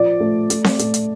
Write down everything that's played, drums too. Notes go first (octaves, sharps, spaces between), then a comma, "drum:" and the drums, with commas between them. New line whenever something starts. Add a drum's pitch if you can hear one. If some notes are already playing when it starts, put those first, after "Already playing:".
Already playing: F3 D5
A3
A3, drum: hi-hat
drum: snare C4
A3, drum: hi-hat
drum: hi-hat